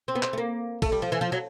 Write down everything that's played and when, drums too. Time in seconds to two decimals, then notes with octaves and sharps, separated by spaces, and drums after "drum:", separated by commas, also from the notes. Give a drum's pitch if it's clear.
0.08 C4
0.15 B3
0.23 C4, drum: clap
0.33 A3
0.38 A#3
0.82 A3, drum: kick A1, cymbal
0.92 G3
1.02 F3
1.12 E3
1.21 F3
1.32 F#3